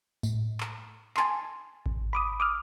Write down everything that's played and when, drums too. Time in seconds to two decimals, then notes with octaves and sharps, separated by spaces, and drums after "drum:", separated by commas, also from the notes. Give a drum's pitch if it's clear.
0.23 A2, drum: tambourine
0.60 drum: clap
1.17 G#5 A5 C6, drum: clap
1.86 drum: kick G#1
2.13 B5 D6 D#6
2.40 D6 D#6 F6